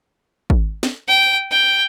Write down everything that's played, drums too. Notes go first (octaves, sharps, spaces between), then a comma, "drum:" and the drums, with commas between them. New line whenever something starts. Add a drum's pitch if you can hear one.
drum: kick G#1
drum: snare
G5
G5